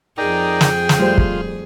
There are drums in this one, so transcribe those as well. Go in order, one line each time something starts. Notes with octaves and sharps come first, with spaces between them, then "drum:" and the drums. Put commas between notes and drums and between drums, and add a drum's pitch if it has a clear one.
F2 D#4 G#4 A#4 D5 G5
drum: snare
drum: snare
G3 A3 F4 C5
drum: kick